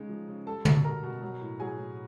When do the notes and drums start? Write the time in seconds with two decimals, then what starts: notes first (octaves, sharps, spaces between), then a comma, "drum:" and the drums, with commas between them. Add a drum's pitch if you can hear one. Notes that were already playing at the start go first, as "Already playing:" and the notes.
Already playing: C#3 G#3 D#4
0.09 F3
0.28 C#3
0.47 G3 A4 A5
0.65 B2, drum: tom
0.84 G3 A#4 A#5
1.03 B2
1.22 F#3
1.41 A2
1.60 F#3 G#4 G#5
1.79 A2